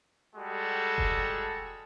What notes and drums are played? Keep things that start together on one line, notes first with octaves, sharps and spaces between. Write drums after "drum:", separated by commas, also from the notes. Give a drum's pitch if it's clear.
G3 G#3 F#4 A4
drum: kick F1